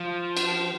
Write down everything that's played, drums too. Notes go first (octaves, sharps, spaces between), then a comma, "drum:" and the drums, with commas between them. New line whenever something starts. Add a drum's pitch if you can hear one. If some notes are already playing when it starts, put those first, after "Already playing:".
Already playing: F3
drum: cymbal